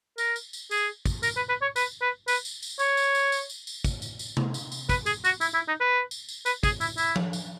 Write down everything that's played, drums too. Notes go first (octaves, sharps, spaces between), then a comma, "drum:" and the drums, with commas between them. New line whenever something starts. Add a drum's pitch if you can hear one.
A#4, drum: tambourine
drum: tambourine
drum: tambourine
G#4, drum: tambourine
drum: kick, tambourine
A#4, drum: tambourine
B4
B4
C#5
B4, drum: tambourine
B4
B4, drum: tambourine
drum: tambourine
drum: tambourine
C#5, drum: tambourine
drum: tambourine
drum: tambourine
drum: tambourine
drum: tambourine
drum: tambourine
drum: kick, tambourine
drum: tambourine
drum: tambourine
drum: tom C3
drum: tambourine
drum: tambourine
B4, drum: kick, tambourine
G#4, drum: tambourine
F#4, drum: tambourine
E4, drum: tambourine
E4
D#4
B4
drum: tambourine
drum: tambourine
B4, drum: tambourine
G#4, drum: kick, tambourine
E4, drum: tambourine
E4, drum: tambourine
drum: tom F3
drum: tambourine